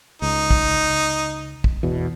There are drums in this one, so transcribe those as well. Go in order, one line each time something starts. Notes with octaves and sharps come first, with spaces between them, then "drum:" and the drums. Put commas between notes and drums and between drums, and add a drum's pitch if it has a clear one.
C#2 D#4
drum: kick
drum: kick
E2 B2